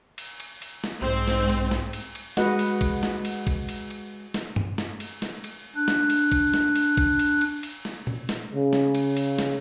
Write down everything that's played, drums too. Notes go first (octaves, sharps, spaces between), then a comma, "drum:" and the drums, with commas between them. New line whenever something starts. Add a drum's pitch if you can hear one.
drum: cymbal
drum: cymbal
drum: cymbal
drum: snare
B1 G#2 C4
drum: snare
drum: cymbal
drum: snare
drum: cymbal
drum: cymbal
G#3 F#4 B4 D#5 F#5, drum: snare
drum: cymbal
drum: kick, cymbal
drum: snare
drum: cymbal
drum: kick, cymbal
drum: cymbal
drum: cymbal
drum: snare
drum: tom G2
drum: snare
drum: cymbal
drum: snare
drum: cymbal
D4 F#6
drum: snare
drum: cymbal
drum: kick, cymbal
drum: snare
drum: cymbal
drum: kick, cymbal
drum: cymbal
drum: cymbal
drum: cymbal
drum: snare
drum: tom A#2
drum: snare
C#3
drum: snare
drum: cymbal
drum: cymbal
drum: snare